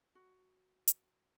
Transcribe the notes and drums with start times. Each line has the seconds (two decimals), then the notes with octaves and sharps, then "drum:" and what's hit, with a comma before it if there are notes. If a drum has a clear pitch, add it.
0.15 F#4
0.88 drum: hi-hat